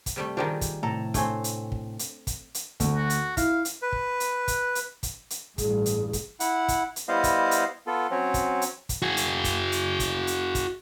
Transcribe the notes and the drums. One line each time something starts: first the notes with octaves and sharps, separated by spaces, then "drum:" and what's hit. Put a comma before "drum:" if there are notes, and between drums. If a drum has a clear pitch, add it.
drum: kick, hi-hat
C3 G3 A3
D#3 G3 D4 F4 G#4 A#4 C5 G5
drum: kick, hi-hat
A2 C3 A4 A#5
A3 C4 D4 C#5 G#5, drum: kick, hi-hat
drum: hi-hat
drum: kick
drum: hi-hat
drum: kick, hi-hat
drum: hi-hat
D2, drum: kick, hi-hat
F#4
drum: hi-hat
E4 F5, drum: kick, hi-hat
drum: hi-hat
B4
drum: kick
drum: hi-hat
drum: kick, hi-hat
drum: hi-hat
drum: kick, hi-hat
drum: hi-hat
A1 G2 G#4, drum: kick, hi-hat
drum: hi-hat
drum: kick, hi-hat
E4 F#5, drum: hi-hat
drum: kick, hi-hat
drum: hi-hat
G3 B3 E4 C5 D#5 F5
drum: kick, hi-hat
drum: hi-hat
B3 F4 A4
F#3 C4 C#4
drum: kick, hi-hat
drum: hi-hat
drum: kick, hi-hat
F#4 G#4
drum: hi-hat
drum: kick, hi-hat
drum: hi-hat
drum: kick, hi-hat
drum: hi-hat
drum: kick, hi-hat